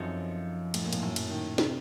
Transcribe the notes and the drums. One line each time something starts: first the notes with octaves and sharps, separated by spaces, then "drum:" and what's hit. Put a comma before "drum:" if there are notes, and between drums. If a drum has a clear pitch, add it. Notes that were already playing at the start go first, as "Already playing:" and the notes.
Already playing: F#2 F3 C4 D#4 A4 C#5
A2, drum: cymbal
A#2
A2, drum: cymbal
F#2
drum: cymbal
D#3
C3, drum: snare